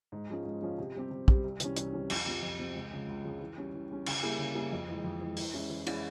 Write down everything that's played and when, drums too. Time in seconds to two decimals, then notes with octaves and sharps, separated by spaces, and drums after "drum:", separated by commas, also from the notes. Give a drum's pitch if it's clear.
0.12 G#2
0.30 F3 G#3 C#4 F4
0.45 G#2
0.62 F3 G#3 C#4 F4
0.78 C3
0.94 G3 C4 G4
1.11 C3
1.28 G3 C4 G4, drum: kick
1.44 C2
1.60 C3 E3 G3 C#4, drum: hi-hat
1.77 C2, drum: hi-hat
1.93 C3 E3 G3 C#4
2.10 F2, drum: cymbal
2.26 C3 F3 C4
2.42 F2
2.58 C3 F3 C4
2.74 C#2
2.92 C#3 F3 G#3
3.08 C#2
3.24 C#3 F3 G#3
3.40 E3
3.57 G3 C#4
3.74 E3
3.90 G3 C#4
4.06 C#3, drum: cymbal
4.23 G3 A#3 E4 G#4
4.39 C#3
4.55 G3 A#3 E4 G#4
4.72 F2
4.88 E3 G#3
5.04 F2
5.21 E3 G#3
5.37 E3, drum: open hi-hat
5.53 G#3 C#4 E4
5.70 E3
5.87 G#3 C#4 E4, drum: cymbal